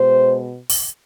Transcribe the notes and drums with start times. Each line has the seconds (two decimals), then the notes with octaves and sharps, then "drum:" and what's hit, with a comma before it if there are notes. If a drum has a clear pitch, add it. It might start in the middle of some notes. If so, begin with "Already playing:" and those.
Already playing: B2 G#3 C5
0.70 drum: open hi-hat